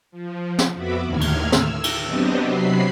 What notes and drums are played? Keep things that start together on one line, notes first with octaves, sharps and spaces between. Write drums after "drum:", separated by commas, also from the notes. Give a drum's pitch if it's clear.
F3
drum: snare
F2 B3 F#4 E5 B5 D6
D#2 A2 D3 D#3 F6 G#6
drum: cymbal
E6, drum: snare
drum: cymbal
F#3 B3 C4 D4 G4 D#5
C3 F#3 B5 C7